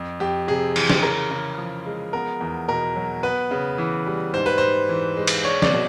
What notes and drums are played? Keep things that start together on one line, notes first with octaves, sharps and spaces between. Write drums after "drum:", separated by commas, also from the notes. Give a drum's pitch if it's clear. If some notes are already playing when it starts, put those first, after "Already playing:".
Already playing: F2
F2 G4
C3 G#4
E3, drum: cymbal
drum: snare
C#3 A#4
C#3
F3
G#3
B3 A#4
E2
B2 A#4
F#3
B3 B4
C#3
E3
G3
G#2 C5
B4
G#2 C5
E3
G#3
drum: cymbal
D4 C#5
D5, drum: snare
B2